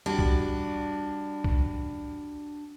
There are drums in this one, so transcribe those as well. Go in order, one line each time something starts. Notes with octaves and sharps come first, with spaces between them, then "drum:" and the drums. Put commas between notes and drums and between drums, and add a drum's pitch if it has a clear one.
G3 D4 F#4
drum: kick B1
drum: kick B1